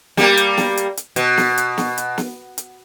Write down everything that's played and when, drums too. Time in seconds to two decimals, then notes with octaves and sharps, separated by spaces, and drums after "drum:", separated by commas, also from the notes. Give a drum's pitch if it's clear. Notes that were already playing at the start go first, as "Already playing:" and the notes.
0.17 G3 A#3, drum: snare
0.37 drum: hi-hat
0.57 drum: snare
0.77 drum: hi-hat
0.97 drum: hi-hat
1.16 B2, drum: hi-hat
1.38 drum: snare
1.58 drum: hi-hat
1.78 drum: snare
1.98 drum: hi-hat
2.18 drum: snare
2.58 drum: hi-hat